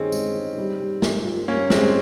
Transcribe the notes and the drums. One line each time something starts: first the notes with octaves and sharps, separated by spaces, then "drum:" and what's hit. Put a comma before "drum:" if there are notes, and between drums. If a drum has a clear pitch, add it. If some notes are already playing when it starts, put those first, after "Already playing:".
Already playing: D#3 C4 C#4 D#4 G#4
G#3, drum: tambourine
D#4
G3
G3
A#3, drum: snare
F4
G3 A#3 C#4
G3 G#3 C4, drum: snare